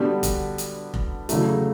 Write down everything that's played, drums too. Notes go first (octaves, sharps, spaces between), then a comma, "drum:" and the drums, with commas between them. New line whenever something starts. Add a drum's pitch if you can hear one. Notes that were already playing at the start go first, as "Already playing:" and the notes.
Already playing: D3 G3 B3 D4 F#4
drum: kick F1, hi-hat
drum: hi-hat
drum: kick F1
E2 C#3 F#3 A3, drum: hi-hat